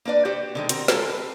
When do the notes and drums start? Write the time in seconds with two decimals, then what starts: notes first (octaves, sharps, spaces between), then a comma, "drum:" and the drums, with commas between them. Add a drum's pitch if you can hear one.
0.05 A#3 D4 B4 D5
0.25 F#4 G4 C5
0.55 D3 D#3 G#3
0.69 C4 F#4 A#4, drum: hi-hat
0.88 G#3 F4 G4 A4 A#4 C5, drum: snare
1.09 B4